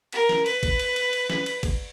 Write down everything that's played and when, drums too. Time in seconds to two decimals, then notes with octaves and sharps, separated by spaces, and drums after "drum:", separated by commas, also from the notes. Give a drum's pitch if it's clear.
0.12 A#4, drum: cymbal
0.29 drum: snare
0.46 B4, drum: cymbal
0.63 drum: kick, cymbal
0.79 drum: cymbal
0.96 drum: cymbal
1.13 drum: cymbal
1.30 drum: snare
1.46 drum: cymbal
1.63 drum: kick, cymbal